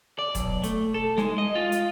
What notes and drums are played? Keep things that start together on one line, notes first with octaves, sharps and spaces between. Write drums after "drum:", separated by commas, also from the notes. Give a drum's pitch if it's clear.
D5
B1, drum: kick, hi-hat
A3, drum: hi-hat
A4
G#3, drum: snare D#4
D#5
F4
drum: hi-hat